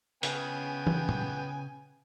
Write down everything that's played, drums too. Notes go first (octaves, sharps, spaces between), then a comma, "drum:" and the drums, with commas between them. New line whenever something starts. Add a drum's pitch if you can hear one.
C#3 B3 G5 G#5, drum: hi-hat
drum: tom
drum: tom